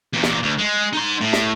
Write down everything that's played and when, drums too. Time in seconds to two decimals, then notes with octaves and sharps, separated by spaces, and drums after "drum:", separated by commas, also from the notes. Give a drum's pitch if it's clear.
0.13 E2 A#2
0.23 drum: snare
0.43 D2
0.59 G#3
0.93 D#4 C6
1.21 A2
1.33 drum: snare